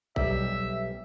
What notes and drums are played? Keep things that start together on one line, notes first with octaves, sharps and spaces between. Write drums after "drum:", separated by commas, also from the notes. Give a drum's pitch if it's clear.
B1 G3 E5, drum: kick A1